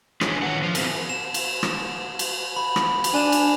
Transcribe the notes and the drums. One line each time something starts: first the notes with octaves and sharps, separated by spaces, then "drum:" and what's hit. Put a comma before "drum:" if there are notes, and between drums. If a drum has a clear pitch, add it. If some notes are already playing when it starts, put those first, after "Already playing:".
D4 F#4 G#4 B4 C#5, drum: rim click
D#3 F3 C#5 F#5
F3 C5
B3 C4 E4 G#4 A#4, drum: cymbal
E7
drum: cymbal
drum: rim click
drum: cymbal
B5
drum: rim click
drum: cymbal
D4 G#5 E7
drum: cymbal